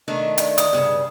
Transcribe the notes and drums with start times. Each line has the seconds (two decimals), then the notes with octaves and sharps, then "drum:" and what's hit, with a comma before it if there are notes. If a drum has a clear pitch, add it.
0.08 D#3 A3 D4 D#5
0.38 D5, drum: hi-hat
0.58 D#6, drum: hi-hat
0.73 G2 C#3